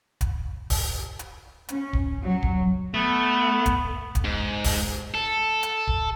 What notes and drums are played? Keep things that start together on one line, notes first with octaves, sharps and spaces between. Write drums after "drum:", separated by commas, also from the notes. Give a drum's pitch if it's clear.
drum: kick, hi-hat
drum: kick, open hi-hat
drum: hi-hat
C#4, drum: hi-hat
drum: kick
F#3
drum: kick
A3 B3
drum: kick, hi-hat
drum: kick, hi-hat
G#2
drum: kick, open hi-hat
A4
drum: hi-hat
drum: kick